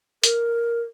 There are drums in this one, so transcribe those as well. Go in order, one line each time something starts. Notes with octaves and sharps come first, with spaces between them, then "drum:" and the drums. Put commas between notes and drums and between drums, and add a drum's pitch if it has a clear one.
A#4, drum: hi-hat